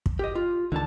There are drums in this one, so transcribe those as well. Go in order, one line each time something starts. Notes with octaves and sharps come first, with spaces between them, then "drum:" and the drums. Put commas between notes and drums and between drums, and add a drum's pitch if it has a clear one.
drum: kick
G4 D#5
F4
C#2 D3 D#3 A5